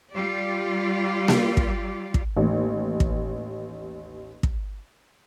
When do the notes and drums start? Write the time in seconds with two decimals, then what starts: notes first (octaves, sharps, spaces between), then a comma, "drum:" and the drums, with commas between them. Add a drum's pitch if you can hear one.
0.14 G3 F4 G4 D5
1.28 drum: snare A#3
1.57 drum: kick
2.14 drum: kick
2.37 A1 D#2
3.00 drum: kick
4.43 drum: kick